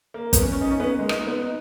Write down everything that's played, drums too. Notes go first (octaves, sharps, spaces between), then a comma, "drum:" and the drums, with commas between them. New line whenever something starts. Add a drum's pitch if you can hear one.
A#3
B3, drum: kick, hi-hat
C#4
C#4
D#4
C#4
B3
A#3
G#3
D#4, drum: rim click
B3
D#4